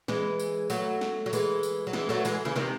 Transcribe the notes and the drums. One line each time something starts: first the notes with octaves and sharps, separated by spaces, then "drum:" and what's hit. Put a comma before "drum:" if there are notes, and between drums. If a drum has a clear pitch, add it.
E3 G#3, drum: snare
drum: tambourine
F#3 A3, drum: tambourine
drum: snare
F#3
E3 G#3, drum: tambourine
drum: tambourine
F#3
E3 G#3, drum: snare
F#3 A3
E3 G#3, drum: tambourine
C#3 E3
C3 D#3, drum: snare